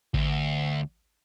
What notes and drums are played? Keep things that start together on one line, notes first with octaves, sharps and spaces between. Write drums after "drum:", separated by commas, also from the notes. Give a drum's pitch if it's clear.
D2, drum: kick A1